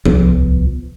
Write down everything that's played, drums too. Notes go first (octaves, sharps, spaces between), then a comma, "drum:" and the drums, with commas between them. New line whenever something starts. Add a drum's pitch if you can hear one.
D1 C2 F3 B3, drum: tom F3